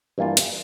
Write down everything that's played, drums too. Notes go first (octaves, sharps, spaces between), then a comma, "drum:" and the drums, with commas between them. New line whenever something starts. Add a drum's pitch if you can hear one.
G2 E3 A#3 D4 F4
drum: hi-hat